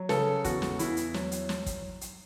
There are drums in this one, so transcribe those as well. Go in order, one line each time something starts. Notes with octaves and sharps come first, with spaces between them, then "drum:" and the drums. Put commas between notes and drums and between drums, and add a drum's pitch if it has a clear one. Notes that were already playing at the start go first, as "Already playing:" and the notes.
Already playing: F#3
C#3 A4, drum: snare
E2 F#4, drum: kick, hi-hat
drum: snare
E2 E4, drum: hi-hat
drum: hi-hat
F#3, drum: snare
drum: hi-hat
drum: snare
drum: kick, hi-hat
drum: hi-hat